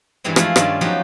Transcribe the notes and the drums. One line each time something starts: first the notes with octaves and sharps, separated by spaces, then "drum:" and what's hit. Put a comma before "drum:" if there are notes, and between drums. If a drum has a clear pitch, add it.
G2 E3 G3 G#3 C4
F3 G#3 A3 E4 F4, drum: rim click
G2 D#3 C#4 F4 D5, drum: rim click
F3 F#3 B3 D#4 G4